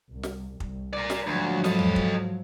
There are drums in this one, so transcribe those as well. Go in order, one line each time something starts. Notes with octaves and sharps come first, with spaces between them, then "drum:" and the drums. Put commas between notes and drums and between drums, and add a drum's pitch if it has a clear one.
C2
drum: snare
C2, drum: kick
A#4 D5
drum: snare
D2 G#2 F3 F#3
A4 D#5, drum: snare
drum: tom E2
drum: kick